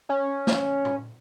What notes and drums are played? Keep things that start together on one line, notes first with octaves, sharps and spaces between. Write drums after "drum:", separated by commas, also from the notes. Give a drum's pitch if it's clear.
C#4
drum: snare
drum: tom A2